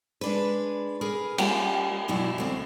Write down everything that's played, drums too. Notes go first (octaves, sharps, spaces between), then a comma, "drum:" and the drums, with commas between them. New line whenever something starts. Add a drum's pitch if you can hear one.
G#3 D4 B4
G#4 A#4 B4
G3 A#3 C#4 F4 G4, drum: cymbal
F#2 B2 F#3 G3 D4 E4
D2 C4 C#4